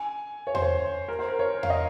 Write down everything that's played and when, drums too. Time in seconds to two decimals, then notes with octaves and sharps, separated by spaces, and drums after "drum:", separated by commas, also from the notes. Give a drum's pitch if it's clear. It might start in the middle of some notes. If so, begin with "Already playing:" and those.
Already playing: G#5
0.47 C#5
0.55 C5, drum: tom E2
0.62 C#5
1.08 A#4
1.19 C5
1.29 A#4
1.39 C#5
1.63 F5, drum: tom E2
1.70 D#5